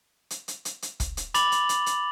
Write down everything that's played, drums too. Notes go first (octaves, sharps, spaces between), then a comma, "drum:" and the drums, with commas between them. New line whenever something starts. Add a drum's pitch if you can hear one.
drum: hi-hat
drum: hi-hat
drum: hi-hat
drum: hi-hat
drum: kick, hi-hat
drum: hi-hat
B5 D6 A6 F7 F#7, drum: hi-hat
drum: hi-hat
drum: hi-hat
drum: hi-hat